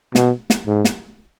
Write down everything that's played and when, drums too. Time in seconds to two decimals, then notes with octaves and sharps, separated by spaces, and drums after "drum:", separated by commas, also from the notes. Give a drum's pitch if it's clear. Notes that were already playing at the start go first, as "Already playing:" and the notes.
0.15 B2, drum: snare
0.50 drum: snare
0.67 G#2
0.85 drum: snare